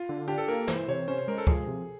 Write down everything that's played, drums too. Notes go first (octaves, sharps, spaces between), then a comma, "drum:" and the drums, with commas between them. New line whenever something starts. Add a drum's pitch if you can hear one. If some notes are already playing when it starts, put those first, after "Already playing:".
Already playing: F4
D3
D4 G4
A4
A#3 A#4
E3 C5, drum: snare
C3 C#5
C#4 C5
C5
G#3 A#4
A4
F3 G#4, drum: kick
C3